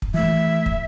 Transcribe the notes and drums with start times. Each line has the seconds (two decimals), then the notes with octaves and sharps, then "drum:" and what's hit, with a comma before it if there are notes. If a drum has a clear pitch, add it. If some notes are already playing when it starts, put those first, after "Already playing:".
0.02 drum: kick
0.14 E3 A3 E5
0.66 drum: kick